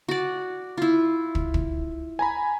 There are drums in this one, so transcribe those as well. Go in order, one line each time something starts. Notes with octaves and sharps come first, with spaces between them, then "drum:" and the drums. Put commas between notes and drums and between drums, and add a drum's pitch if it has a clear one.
F#4 D5
E4 F4
drum: kick
drum: kick
G#5 A#5 B5